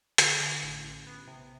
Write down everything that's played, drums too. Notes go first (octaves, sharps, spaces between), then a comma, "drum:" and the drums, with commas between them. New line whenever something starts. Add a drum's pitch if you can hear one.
D3 D6, drum: hi-hat
D3
A1
A1
B3
C3